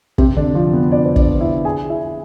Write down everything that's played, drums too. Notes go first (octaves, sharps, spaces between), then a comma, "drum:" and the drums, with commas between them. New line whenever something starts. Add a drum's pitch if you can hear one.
C3 C4, drum: kick
D3 D4
F3 F4
B3 B4
D4 D5
C5
D4 D5, drum: kick
E4 E5
G#4 G#5
E4 E5